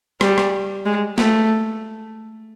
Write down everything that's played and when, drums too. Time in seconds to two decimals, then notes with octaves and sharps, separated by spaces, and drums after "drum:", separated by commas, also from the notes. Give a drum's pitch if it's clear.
0.21 G3, drum: rim click
0.38 drum: rim click
0.85 G#3
1.18 A3, drum: snare